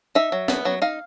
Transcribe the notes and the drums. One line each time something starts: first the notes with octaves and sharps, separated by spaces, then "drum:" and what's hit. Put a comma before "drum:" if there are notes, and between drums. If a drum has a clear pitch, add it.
D#4 E5
F#3
B3, drum: snare
F#3
D#4 F5